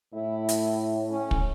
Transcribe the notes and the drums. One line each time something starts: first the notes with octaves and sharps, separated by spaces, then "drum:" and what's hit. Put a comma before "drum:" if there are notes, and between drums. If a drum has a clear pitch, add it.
A2 E4
drum: hi-hat
C#4
drum: kick